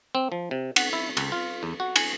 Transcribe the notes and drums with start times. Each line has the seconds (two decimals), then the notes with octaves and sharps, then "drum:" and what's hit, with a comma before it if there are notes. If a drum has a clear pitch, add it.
0.15 C4
0.32 F3
0.51 C3
0.76 F#5, drum: cymbal
0.93 E4
1.17 C#2, drum: cymbal
1.32 F4
1.63 E2
1.80 F#4
1.96 G#5, drum: cymbal